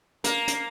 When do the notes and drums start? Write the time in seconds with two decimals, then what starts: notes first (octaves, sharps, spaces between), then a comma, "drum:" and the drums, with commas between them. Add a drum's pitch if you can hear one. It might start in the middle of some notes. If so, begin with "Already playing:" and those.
0.24 A#3, drum: hi-hat
0.48 drum: hi-hat